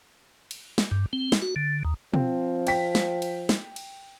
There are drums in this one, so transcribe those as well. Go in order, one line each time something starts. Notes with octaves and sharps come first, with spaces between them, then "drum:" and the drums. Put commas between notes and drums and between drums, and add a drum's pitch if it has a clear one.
drum: cymbal
drum: snare
G2
C4
drum: snare
F#4
D3
D#2
F3 C4, drum: tom B2
G5 B6, drum: cymbal
drum: snare
drum: cymbal
drum: snare
drum: cymbal